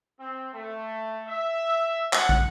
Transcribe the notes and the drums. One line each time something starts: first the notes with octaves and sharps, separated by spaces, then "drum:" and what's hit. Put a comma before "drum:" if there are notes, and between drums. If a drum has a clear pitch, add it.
C4
A3
E5
F#5, drum: clap
drum: kick